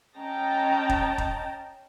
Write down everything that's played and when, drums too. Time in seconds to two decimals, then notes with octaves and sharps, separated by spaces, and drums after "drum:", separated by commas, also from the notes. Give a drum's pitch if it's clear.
0.18 C#4 D#5 G5 A5 A#5
0.89 drum: kick F1
1.18 drum: kick F1